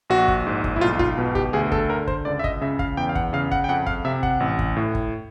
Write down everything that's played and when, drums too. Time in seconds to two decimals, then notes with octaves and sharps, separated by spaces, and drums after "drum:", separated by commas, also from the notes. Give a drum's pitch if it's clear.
0.10 A#1 F#4
0.28 drum: kick
0.47 G#2
0.64 drum: kick
0.76 E4
0.81 B1 F4
0.99 F4, drum: kick
1.18 B2
1.35 G4, drum: kick
1.53 D2 G#4
1.72 A4, drum: kick
1.90 D3 A#4
2.07 C5, drum: kick
2.25 C#2 D5
2.39 E5
2.44 D#5, drum: kick
2.61 C#3 E5
2.79 F5, drum: kick
2.97 E2 G5
3.09 F5
3.15 F#5, drum: kick
3.33 C#3 F5
3.52 F#5, drum: kick
3.64 G5
3.69 F2 F#5
3.87 F5, drum: kick
4.05 C3 E5
4.23 F#5, drum: kick
4.40 A1
4.59 drum: kick
4.77 A2
4.95 drum: kick